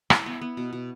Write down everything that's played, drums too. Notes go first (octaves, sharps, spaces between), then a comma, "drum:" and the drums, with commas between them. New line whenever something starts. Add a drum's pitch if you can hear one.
E4, drum: rim click
B3
B3
B2
B2